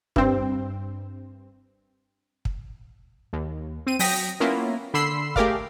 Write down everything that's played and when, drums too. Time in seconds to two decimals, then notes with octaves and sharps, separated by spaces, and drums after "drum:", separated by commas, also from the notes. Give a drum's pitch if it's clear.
0.16 G2 C4, drum: kick
2.45 drum: kick
3.33 D#2
3.87 C4 D#7
3.99 F#3 G5 D#6 A#6 B6, drum: open hi-hat
4.40 A#3 B3 C#4 E4 F4 A#4
4.94 D3 B5 C6 E6 C7
5.36 A3 G4 G#4 A#4 D5 F5, drum: kick